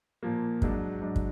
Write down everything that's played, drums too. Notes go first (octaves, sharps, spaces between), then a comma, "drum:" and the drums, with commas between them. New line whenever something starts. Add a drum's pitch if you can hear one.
A#2 F3 A#3
G#2 F#3 D4, drum: kick
G#2 F#3 D4
drum: kick